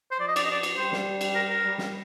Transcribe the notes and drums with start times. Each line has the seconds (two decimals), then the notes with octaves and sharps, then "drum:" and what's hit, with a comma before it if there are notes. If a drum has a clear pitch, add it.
0.11 C5
0.20 F3 D5
0.28 D#5
0.36 D5, drum: cymbal
0.44 D#5
0.51 D5
0.63 drum: cymbal
0.77 G3 C5
0.92 drum: snare
1.21 drum: cymbal
1.35 A#4
1.49 A#4
1.64 G3
1.78 drum: snare